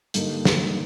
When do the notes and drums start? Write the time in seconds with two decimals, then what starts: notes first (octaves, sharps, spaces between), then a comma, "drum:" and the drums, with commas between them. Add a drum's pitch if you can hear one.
0.14 G2 D3 G3 A#3 D#4, drum: hi-hat
0.45 drum: snare